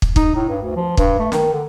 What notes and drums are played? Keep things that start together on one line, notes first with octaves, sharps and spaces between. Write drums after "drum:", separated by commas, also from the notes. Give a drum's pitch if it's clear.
drum: kick
D#4, drum: kick
A2
G2
D2
F3
G2, drum: kick
A3
D#3, drum: snare
D3